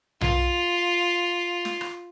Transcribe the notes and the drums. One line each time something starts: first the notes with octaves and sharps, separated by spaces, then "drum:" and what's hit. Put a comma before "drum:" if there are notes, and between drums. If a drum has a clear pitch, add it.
F4, drum: tom B1
drum: snare
drum: rim click